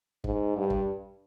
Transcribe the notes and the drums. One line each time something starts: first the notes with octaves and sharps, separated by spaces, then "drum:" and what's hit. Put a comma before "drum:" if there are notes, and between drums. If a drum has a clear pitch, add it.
G#2, drum: kick
G2
drum: kick